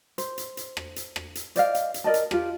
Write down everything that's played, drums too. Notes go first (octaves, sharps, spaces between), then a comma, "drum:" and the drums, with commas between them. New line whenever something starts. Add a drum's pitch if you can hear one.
C5, drum: hi-hat
drum: hi-hat
drum: hi-hat
drum: rim click
drum: hi-hat
drum: rim click
drum: hi-hat
C5 D5 D#5 F5, drum: hi-hat
drum: hi-hat
drum: hi-hat
A#4 D5 D#5 A5
drum: hi-hat
F4 G4, drum: rim click